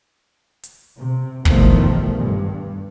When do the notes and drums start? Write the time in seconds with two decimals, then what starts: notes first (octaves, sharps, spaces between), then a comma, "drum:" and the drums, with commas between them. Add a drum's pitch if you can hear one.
0.64 drum: hi-hat
0.98 C3
1.45 E2 G2 B2 D#3 F3 A3, drum: kick
2.15 G2